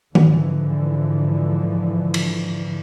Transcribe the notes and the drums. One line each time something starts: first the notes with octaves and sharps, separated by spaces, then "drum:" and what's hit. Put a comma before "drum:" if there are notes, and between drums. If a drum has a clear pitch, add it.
G#2 D3 E3 F3, drum: tom D#3
drum: cymbal